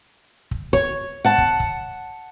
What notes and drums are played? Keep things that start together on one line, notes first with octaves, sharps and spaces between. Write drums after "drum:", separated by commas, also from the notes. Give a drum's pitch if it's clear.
drum: kick
C#5, drum: kick
F#5 A5
drum: kick
drum: kick